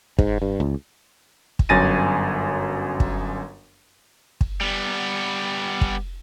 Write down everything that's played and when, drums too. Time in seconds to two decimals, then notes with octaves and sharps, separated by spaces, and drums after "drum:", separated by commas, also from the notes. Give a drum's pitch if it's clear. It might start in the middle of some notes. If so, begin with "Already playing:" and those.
0.19 G#2, drum: kick
0.42 G2
0.60 C#2
1.59 drum: kick
1.69 G1 F#2 G#5 A6 A#6 D#7
3.00 drum: kick
4.41 drum: kick
4.61 G3 B3
5.81 drum: kick